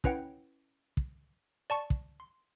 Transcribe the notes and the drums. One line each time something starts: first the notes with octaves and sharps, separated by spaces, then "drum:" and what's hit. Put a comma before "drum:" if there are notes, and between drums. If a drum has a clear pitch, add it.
C#4 E4 B4 C#5 F#5 G5, drum: kick
drum: kick
D5 A5 C#6
drum: kick
C6